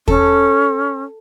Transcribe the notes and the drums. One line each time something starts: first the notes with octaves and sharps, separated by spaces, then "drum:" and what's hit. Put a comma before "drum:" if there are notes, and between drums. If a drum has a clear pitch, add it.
C#4 A4, drum: kick